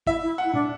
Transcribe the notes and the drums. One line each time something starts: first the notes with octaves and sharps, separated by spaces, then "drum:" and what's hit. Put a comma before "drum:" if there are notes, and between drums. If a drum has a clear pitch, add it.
E4 E5, drum: kick
E4
F#5
E4
D4, drum: tom